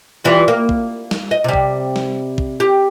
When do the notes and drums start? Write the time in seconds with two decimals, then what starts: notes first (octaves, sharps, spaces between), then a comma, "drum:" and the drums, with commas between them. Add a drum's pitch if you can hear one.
0.24 E3 G3 F4
0.48 A#3
0.69 drum: kick A#1
1.11 drum: snare
1.31 D#5
1.44 C3 G3
1.53 drum: kick A#1
1.96 drum: snare
2.38 drum: kick A#1
2.60 G4